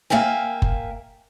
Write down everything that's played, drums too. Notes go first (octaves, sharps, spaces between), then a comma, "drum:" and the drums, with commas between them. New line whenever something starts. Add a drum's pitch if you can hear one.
A#3 E5 F5 G5 G#5
drum: kick F#1